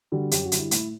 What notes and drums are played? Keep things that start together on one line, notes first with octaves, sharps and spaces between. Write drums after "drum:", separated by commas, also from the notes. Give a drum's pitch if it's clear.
D3 G3 F#4
F#2 G4, drum: hi-hat
F#4
D3 G3, drum: hi-hat
E4
A2 E4, drum: hi-hat